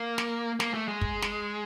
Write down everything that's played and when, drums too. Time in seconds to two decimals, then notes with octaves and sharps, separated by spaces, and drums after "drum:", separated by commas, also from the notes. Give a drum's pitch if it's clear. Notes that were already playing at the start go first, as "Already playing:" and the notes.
Already playing: A#3
0.18 drum: snare
0.60 A#3, drum: snare
0.74 A3
0.88 G#3
1.01 drum: kick
1.22 drum: snare